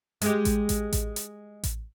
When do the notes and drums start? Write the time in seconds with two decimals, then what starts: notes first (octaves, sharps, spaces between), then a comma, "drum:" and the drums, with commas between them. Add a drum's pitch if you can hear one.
0.22 G#3 G4, drum: hi-hat
0.45 drum: kick A1, hi-hat
0.69 drum: kick A1, hi-hat
0.93 drum: kick A1, hi-hat
1.16 drum: hi-hat
1.64 drum: kick A1, hi-hat